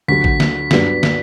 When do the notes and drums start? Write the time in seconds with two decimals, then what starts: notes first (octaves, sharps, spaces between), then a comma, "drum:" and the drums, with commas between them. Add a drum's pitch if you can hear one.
0.08 D2 D3 F#3 B6
0.24 drum: kick
0.40 drum: snare
0.71 G2 F#3 B3 D4 F#4, drum: snare
1.03 drum: snare